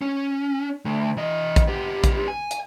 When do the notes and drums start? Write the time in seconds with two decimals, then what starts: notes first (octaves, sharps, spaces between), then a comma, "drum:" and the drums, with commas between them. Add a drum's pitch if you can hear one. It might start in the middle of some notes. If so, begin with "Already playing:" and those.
0.02 C#4
0.85 D3 A3
1.17 E3 D#5
1.56 drum: kick A#1, hi-hat
1.67 B3 G4
2.04 drum: kick A#1, hi-hat
2.28 G#5
2.51 drum: hi-hat